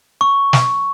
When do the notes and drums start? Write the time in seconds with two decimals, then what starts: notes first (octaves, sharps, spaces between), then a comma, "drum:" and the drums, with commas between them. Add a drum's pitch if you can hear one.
0.21 C#6
0.53 drum: snare